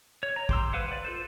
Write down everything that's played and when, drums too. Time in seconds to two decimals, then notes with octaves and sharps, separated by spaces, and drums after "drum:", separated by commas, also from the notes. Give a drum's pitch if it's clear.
0.23 C#5
0.36 A#5
0.49 G4 C6 E6, drum: kick
0.73 B4 C5 F5 F#5
0.89 B4 D5
1.05 F4 A4 C5